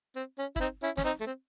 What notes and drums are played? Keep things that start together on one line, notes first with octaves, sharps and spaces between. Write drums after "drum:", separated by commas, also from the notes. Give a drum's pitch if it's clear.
C4
C#4
E4, drum: kick
C4 D#4
C#4 E4
C#4, drum: snare
C4 D#4
A3
C4